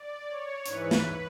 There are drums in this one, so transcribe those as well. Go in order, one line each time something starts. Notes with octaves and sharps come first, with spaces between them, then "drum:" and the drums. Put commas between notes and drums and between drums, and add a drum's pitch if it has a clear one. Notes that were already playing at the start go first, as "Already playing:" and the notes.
Already playing: D5
C#5
G#2 E3 B4, drum: hi-hat
drum: snare